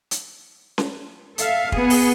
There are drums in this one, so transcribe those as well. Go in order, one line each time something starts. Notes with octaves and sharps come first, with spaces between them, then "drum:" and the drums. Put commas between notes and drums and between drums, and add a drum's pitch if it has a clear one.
drum: hi-hat
drum: snare C#4
A4 E5 F5, drum: hi-hat
B3 G#4, drum: kick
drum: open hi-hat